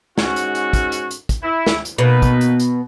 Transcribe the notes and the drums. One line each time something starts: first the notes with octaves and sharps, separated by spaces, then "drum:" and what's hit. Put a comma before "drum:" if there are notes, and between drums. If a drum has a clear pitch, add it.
G#2 C#4 F#4, drum: snare
drum: hi-hat
drum: hi-hat
drum: kick, hi-hat
drum: hi-hat
drum: hi-hat
drum: kick, hi-hat
E4
drum: snare
drum: hi-hat
B2 A#3 D#4 B4
drum: kick, hi-hat
drum: hi-hat
drum: hi-hat